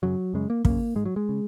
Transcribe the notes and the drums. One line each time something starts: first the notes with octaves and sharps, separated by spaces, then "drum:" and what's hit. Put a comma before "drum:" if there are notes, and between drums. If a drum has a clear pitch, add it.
F#2 C#3 F#3
F#2 C#3 G#3
A#3
F#2 C#3 A#3, drum: kick
G#2 G#3
F#3
G#3
C#3